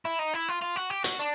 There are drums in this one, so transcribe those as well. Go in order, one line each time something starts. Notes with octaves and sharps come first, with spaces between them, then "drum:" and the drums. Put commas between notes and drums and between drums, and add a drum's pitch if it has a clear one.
E4
D#4
E4
F4
F4
F#4
G4
F#4, drum: hi-hat
D4